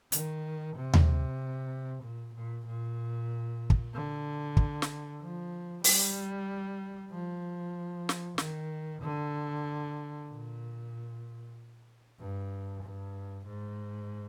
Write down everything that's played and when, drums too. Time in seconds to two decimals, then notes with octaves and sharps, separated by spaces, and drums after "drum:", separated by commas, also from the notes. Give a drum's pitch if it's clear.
0.12 D#3, drum: hi-hat
0.76 C3
0.94 drum: tom D#2
2.03 A#2
2.34 A#2
2.66 A#2
3.70 drum: kick
3.93 D3
4.57 drum: kick
4.82 drum: snare
5.21 F3
5.84 G3, drum: open hi-hat
7.11 F3
8.09 drum: snare
8.38 D#3, drum: snare
9.02 D3
10.29 A#2
12.19 G2
12.83 G2
13.46 G#2